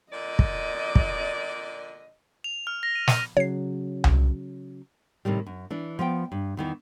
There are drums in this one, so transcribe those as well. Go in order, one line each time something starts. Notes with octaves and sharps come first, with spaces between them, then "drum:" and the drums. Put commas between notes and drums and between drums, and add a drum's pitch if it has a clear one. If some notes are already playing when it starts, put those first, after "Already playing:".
A#2 D3 D5 D#5
drum: kick
drum: kick
F7
F6
A#6
D#7
D#7, drum: snare
C#3 F#3 C#5 C7
drum: tom C2
A2 C3 D#3 G3
F#2
E3 D4
F3 B3 G5
G2
E2 D#3 E3